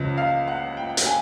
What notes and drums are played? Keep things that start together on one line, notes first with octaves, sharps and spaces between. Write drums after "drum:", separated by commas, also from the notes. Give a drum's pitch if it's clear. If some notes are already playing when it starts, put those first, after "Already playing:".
Already playing: C#2 C#3 F3
F5
F#5
G5
drum: hi-hat
G#5